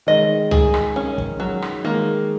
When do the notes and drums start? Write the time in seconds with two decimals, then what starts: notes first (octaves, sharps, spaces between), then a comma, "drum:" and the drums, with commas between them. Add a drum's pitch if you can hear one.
0.07 D#3 G#3 D#5
0.51 G#4, drum: tom C#2
0.74 drum: rim click
0.96 C#4
1.18 drum: kick
1.40 F#3
1.62 drum: rim click
1.84 D#3 G#3 A#3